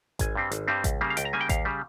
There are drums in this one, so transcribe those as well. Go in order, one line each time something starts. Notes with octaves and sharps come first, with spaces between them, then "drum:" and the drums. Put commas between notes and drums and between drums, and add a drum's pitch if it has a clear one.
G#1 G#5, drum: kick A1, hi-hat
G2 G3 C4
G#1, drum: hi-hat
G2 G3 C4
C#2, drum: kick A1, hi-hat
C#3 G3 A#3
F5
C#2 G5, drum: hi-hat
A#5
C#3 G3 A#3 G#5
G5
D#2 F5, drum: kick A1, hi-hat
C#3 G3